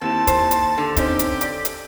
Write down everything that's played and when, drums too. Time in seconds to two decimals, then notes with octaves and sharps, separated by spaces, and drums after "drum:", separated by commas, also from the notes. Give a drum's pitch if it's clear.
0.01 D#2 C4 E4 A5 E7
0.27 C5, drum: kick, hi-hat
0.51 drum: hi-hat
0.78 D3
0.96 C4 C#4 D#4 G4, drum: kick, hi-hat
1.19 drum: hi-hat
1.41 D5, drum: hi-hat
1.65 drum: hi-hat